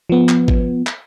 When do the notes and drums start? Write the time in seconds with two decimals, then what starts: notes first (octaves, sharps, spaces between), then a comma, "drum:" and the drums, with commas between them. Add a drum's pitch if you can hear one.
0.10 F3 B3
0.29 drum: clap
0.48 drum: kick G#1
0.87 drum: clap